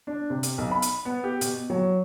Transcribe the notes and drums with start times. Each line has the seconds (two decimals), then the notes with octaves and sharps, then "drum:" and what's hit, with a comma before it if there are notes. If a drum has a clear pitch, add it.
0.07 D4
0.30 C3
0.43 drum: hi-hat
0.58 B1
0.71 B5
0.82 drum: hi-hat
1.05 B3
1.24 G4
1.41 B2, drum: hi-hat
1.70 F#3